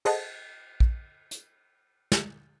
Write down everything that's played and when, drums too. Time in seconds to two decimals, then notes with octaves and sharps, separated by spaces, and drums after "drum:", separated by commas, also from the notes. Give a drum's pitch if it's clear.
0.05 G#4 A4 C5 D#5 F#5 A5, drum: cymbal
0.80 drum: kick
1.31 drum: hi-hat
2.12 drum: snare